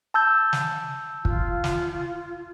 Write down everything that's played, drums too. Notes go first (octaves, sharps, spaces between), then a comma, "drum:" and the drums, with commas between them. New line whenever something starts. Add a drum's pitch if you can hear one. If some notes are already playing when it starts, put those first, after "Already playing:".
A5 E6 G6
drum: snare
F4, drum: kick
drum: snare